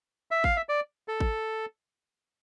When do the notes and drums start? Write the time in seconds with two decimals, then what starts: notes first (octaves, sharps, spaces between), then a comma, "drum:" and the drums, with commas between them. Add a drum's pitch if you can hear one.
0.31 E5
0.44 F5, drum: kick G#1
0.57 E5
0.69 D5
1.08 A4
1.20 drum: kick G#1